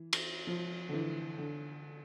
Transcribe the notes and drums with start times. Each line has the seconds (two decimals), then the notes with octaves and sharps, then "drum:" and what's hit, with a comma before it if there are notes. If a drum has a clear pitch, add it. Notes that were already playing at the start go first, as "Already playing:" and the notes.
Already playing: E3
0.13 drum: cymbal
0.47 F3
0.89 D3
0.93 E3
1.38 D3